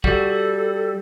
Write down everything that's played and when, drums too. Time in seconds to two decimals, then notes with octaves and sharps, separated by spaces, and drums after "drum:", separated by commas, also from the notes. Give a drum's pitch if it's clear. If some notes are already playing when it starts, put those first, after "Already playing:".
0.04 G3 F#4 A4, drum: kick